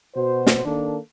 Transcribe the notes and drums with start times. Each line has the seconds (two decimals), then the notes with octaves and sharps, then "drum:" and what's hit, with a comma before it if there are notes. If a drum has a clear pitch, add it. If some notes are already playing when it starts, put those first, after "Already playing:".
0.15 B2 F#4 C5
0.47 drum: snare
0.65 D#3 A#3 D4 A4